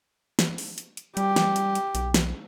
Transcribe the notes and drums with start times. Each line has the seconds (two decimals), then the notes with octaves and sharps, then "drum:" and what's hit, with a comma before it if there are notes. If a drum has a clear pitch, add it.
0.39 drum: snare
0.58 drum: open hi-hat
0.78 drum: hi-hat
0.97 drum: hi-hat
1.17 G3 G4, drum: hi-hat
1.36 drum: snare
1.56 drum: hi-hat
1.75 drum: hi-hat
1.95 B1, drum: hi-hat
2.14 drum: snare